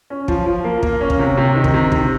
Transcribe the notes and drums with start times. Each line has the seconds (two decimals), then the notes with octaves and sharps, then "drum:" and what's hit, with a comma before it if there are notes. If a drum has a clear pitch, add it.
0.10 C#4
0.28 F3, drum: kick
0.46 F3
0.64 A#3
0.83 A#3, drum: kick
1.01 C#4
1.10 drum: kick
1.19 C3
1.37 C3
1.55 D#3
1.64 drum: kick
1.74 C3
1.92 C3, drum: kick